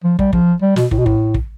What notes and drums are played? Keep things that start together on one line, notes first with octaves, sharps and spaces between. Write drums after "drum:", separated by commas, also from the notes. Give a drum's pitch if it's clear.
F3
G3, drum: kick
F3, drum: kick
G3
B2, drum: snare
A2, drum: kick
B2
A2, drum: kick
drum: kick